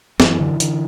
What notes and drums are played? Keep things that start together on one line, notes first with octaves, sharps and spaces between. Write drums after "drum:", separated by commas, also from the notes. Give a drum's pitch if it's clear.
F#2 E3, drum: snare
D3
D3, drum: hi-hat